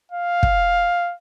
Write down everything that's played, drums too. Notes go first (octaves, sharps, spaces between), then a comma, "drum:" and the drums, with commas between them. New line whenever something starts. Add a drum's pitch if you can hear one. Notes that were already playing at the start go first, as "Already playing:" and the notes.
F5
drum: kick